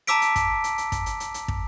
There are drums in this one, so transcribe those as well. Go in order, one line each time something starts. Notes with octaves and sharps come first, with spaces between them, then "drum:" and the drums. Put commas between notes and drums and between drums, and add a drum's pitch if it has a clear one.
A5 A#5 D6 E6 B6 D7, drum: hi-hat
drum: hi-hat
drum: kick, hi-hat
drum: hi-hat
drum: hi-hat
drum: kick, hi-hat
drum: hi-hat
drum: hi-hat
drum: hi-hat
drum: kick